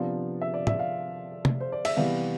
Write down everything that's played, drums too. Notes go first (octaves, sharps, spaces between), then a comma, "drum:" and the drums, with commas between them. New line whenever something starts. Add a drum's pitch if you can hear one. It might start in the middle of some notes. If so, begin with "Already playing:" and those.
Already playing: C3 F3 B3 D4 F5
E5
D5
E5, drum: tom
F5
drum: tom C3
C5
D5
E5, drum: cymbal
C3 E3 G3 B3 F5